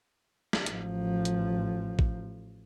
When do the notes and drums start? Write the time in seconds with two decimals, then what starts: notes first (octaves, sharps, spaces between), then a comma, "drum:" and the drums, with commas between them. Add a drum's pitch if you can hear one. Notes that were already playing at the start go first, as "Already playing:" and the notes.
0.53 drum: snare
0.66 A1 F3, drum: hi-hat
1.25 drum: hi-hat
1.99 drum: kick A1